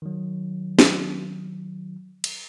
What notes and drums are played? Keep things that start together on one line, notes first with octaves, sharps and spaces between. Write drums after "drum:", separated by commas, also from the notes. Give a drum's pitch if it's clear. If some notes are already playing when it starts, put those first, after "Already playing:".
D#3 F#3
drum: snare
drum: cymbal